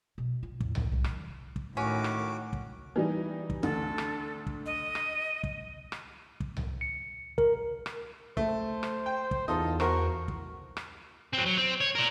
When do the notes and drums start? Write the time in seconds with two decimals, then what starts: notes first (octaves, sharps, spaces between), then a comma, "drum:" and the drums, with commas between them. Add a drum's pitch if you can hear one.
0.18 B2
0.43 F4
0.60 E2 A2, drum: kick
0.75 drum: tom C2
0.92 C2 A2
1.04 D#3 G3, drum: rim click
1.56 drum: kick
1.77 A2 D#3 C#4 F#4 D6
2.04 drum: rim click
2.53 drum: kick
2.96 E3 G3 D#4
3.50 drum: kick
3.63 D2 A4, drum: tom D3
3.98 drum: rim click
4.47 drum: kick
4.66 D#5
4.95 drum: rim click
5.43 drum: kick
5.92 drum: rim click
6.40 drum: kick
6.57 drum: tom C2
6.81 C#7
7.38 A#4, drum: kick
7.86 drum: rim click
8.37 A3 C5, drum: kick
8.83 drum: rim click
9.06 G5
9.31 drum: kick
9.48 E2 D#4 F4 A4 D#5
9.80 F#4 A#4 C5 C#6, drum: rim click
10.28 drum: kick
10.77 drum: rim click
11.33 F#3 C4
11.46 F#3
11.57 C4
11.81 C#5
11.95 A#4 D5